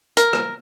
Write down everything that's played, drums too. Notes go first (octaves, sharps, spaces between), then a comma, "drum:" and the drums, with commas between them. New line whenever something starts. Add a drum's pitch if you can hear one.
A#4, drum: hi-hat
drum: rim click